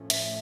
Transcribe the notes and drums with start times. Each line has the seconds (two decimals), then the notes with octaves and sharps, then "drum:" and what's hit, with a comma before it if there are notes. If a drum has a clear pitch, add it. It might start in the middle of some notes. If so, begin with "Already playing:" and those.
Already playing: A2 F3 A3 C#4
0.10 E5, drum: hi-hat